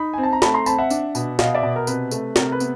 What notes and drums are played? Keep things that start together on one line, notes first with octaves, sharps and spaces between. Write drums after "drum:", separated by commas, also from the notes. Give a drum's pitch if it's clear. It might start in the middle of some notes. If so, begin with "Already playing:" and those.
Already playing: D#4 B5
C4 G#5
A5
A#5
A3 A5 B5, drum: snare
A#5 C6
C4 A5 B5, drum: tambourine
E5 F#5
D4, drum: tambourine
B2, drum: tambourine
B2 D#5 F5, drum: snare
D5 E5
B2
A#4
C3 B4, drum: tambourine
A3, drum: tambourine
C3 A#4, drum: snare
B4
B3, drum: tambourine